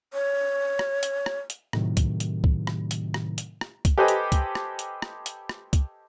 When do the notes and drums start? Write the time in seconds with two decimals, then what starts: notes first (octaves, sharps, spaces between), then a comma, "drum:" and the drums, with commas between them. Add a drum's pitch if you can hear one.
0.13 C#5
0.79 drum: rim click
1.03 drum: hi-hat
1.26 drum: rim click
1.50 drum: hi-hat
1.73 A2 C3 D#3 F#3, drum: rim click
1.97 drum: kick, hi-hat
2.20 drum: hi-hat
2.44 drum: kick
2.67 drum: rim click
2.91 drum: hi-hat
3.14 drum: rim click
3.38 drum: hi-hat
3.61 drum: rim click
3.85 drum: kick, hi-hat
3.98 G4 A4 B4 C5 D#5 G#5
4.08 drum: hi-hat
4.32 drum: kick, hi-hat
4.55 drum: rim click
4.79 drum: hi-hat
5.02 drum: rim click
5.26 drum: hi-hat
5.49 drum: rim click
5.73 drum: kick, hi-hat